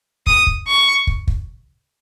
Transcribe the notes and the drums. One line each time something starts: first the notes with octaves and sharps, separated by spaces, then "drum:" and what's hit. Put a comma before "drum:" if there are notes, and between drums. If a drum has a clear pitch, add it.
D#6, drum: kick
drum: kick
C#6
drum: kick
drum: kick